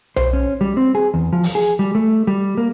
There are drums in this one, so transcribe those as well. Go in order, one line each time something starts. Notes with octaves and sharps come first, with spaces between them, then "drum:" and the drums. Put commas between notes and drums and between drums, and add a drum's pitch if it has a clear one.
C5, drum: tom B1
C#4
G3
C4
G#4
E2
F3
drum: open hi-hat
G#4
G3
A3
G3
A#3